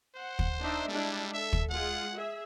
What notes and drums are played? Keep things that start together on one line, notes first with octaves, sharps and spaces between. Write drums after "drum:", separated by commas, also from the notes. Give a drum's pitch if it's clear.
C5 F#5
drum: kick
D4 D#4 E5
G3 G#3 D4 E4
A4 E5
drum: kick
G#3 F4 G#4 F#5
G#4 E5